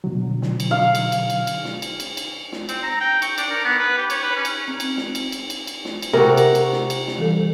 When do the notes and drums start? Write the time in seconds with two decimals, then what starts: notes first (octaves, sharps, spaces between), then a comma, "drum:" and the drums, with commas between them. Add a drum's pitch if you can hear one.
0.04 B2 D3 F#3
0.42 drum: snare
0.60 drum: cymbal
0.71 F5
0.95 drum: cymbal
1.12 drum: cymbal
1.30 drum: cymbal
1.47 drum: cymbal
1.65 drum: snare
1.82 drum: cymbal
2.00 drum: cymbal
2.17 drum: cymbal
2.52 drum: snare
2.69 C4, drum: cymbal
2.83 A#5
3.01 G5
3.22 C#6, drum: cymbal
3.38 D4, drum: cymbal
3.50 A#4
3.65 B3
3.79 B4
3.97 G4
4.10 C#5, drum: cymbal
4.23 B4
4.36 C#4
4.45 drum: cymbal
4.68 C4
4.80 drum: cymbal
4.97 drum: snare
5.15 drum: cymbal
5.32 drum: cymbal
5.50 drum: cymbal
5.67 drum: cymbal
5.85 drum: snare
6.02 drum: cymbal
6.13 C3 F#4 A#4
6.37 drum: cymbal
6.55 drum: cymbal
6.72 drum: snare
6.90 drum: cymbal
7.07 drum: snare
7.18 E3 G3 A4